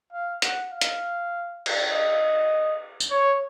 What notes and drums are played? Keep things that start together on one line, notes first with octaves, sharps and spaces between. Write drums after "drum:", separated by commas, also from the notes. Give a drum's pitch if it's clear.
F5
F#5, drum: hi-hat
F5
drum: hi-hat
drum: cymbal
D#5
drum: tambourine
C#5